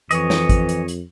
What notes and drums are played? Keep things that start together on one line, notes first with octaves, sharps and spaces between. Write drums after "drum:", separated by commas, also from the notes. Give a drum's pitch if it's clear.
F2 E3 C#5 D#5, drum: hi-hat
drum: snare
drum: kick G#1, hi-hat
drum: hi-hat
drum: hi-hat